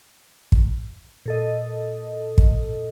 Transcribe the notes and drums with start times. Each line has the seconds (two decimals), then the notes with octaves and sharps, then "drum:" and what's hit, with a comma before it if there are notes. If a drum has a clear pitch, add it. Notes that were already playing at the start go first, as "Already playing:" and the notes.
0.52 drum: kick
1.26 A#2 A4 D#5
2.38 drum: kick